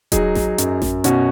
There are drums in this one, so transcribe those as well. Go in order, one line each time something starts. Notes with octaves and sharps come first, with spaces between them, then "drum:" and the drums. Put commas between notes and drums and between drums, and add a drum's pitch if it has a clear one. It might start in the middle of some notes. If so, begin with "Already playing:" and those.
F#3 D#4 G#4, drum: kick E1, hi-hat
drum: snare A1
F#2, drum: hi-hat
drum: snare A1
B2 C#4 F#4, drum: hi-hat